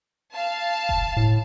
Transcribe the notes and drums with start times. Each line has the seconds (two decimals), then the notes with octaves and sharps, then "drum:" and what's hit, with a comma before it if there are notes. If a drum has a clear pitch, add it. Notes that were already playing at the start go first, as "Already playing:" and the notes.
0.34 F5 A5
0.89 drum: kick F1
1.17 A2